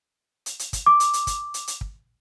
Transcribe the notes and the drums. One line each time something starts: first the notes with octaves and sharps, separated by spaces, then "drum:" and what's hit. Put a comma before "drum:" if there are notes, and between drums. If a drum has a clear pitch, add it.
drum: hi-hat
drum: hi-hat
drum: kick, hi-hat
D6
drum: hi-hat
drum: hi-hat
drum: kick, hi-hat
drum: hi-hat
drum: hi-hat
drum: kick